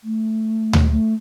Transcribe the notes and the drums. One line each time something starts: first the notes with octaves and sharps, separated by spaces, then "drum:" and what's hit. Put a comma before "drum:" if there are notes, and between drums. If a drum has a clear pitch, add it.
A3
drum: tom D2
A3